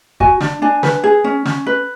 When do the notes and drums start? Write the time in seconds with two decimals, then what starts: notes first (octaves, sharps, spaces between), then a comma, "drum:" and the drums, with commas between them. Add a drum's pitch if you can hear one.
0.20 F#4 G#5, drum: kick
0.41 D4, drum: snare
0.62 D4 G#5
0.83 B4, drum: snare
1.04 G#4
1.24 C#4
1.46 C#4, drum: snare
1.66 B4